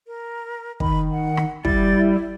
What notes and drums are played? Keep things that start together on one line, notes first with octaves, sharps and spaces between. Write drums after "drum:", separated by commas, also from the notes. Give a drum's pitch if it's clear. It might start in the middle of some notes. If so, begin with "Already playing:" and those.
A#4
D#3 B5, drum: kick
F#5
drum: rim click
G3 E4 A6, drum: kick
D5